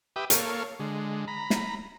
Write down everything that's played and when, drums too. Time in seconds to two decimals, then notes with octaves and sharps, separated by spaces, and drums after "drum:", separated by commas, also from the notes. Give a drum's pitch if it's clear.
0.16 G4 B4 E5 G5 D6 D#6
0.30 A#3 A4 C#5 F5, drum: hi-hat
0.80 D3 G#3
1.28 A#5 B5
1.50 drum: snare